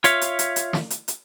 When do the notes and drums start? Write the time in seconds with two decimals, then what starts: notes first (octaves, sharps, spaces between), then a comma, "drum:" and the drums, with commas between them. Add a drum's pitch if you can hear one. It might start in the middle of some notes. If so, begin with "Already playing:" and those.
0.04 F4 C#5 E5 F5, drum: hi-hat
0.21 drum: hi-hat
0.39 drum: hi-hat
0.56 drum: hi-hat
0.73 drum: snare
0.90 drum: hi-hat
1.08 drum: hi-hat